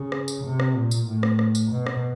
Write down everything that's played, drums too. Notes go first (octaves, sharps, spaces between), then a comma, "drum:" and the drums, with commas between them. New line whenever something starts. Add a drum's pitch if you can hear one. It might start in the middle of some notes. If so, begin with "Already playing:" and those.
Already playing: C#3
drum: rim click
drum: tambourine
C3
drum: rim click
A#2
drum: tambourine
A2
drum: rim click
drum: rim click
drum: tambourine
B2
drum: rim click